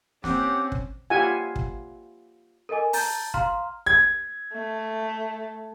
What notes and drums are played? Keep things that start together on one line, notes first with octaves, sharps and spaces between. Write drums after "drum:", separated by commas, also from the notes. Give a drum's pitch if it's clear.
C4 C#4 G4 F#5, drum: snare
drum: kick
F4 G4 E5 F#5 G#5
drum: kick
A4 A#4 D#5 G#5 D6
A5 A#5 G6 A6, drum: open hi-hat
F5 A#5 C6 F6, drum: kick
G#6
A3